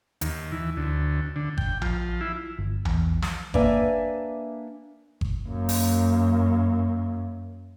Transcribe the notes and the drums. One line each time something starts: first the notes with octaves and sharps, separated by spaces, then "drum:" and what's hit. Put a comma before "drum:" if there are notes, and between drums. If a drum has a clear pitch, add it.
D#2, drum: hi-hat
E3
D2
D3
G5, drum: kick G1
F3, drum: tom A#1
E4
G1
E2, drum: tom A#1
drum: snare
A#3 D4 B4 E5 G#5, drum: kick G1
drum: kick G1
F#2 A#3
drum: open hi-hat